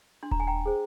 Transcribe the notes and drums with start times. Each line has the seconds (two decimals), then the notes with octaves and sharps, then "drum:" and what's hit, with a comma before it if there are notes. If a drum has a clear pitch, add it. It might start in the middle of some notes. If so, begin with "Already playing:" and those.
0.23 D4 C6
0.31 A#5, drum: kick D#1
0.40 G#5
0.47 G5 A#5
0.66 G#4 C5